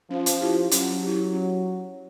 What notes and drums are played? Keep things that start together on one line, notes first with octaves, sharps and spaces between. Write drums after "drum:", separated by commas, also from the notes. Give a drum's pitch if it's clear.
F3 C#4
drum: hi-hat
E4 G4
F#3 C#4, drum: hi-hat
E4 G4
C#4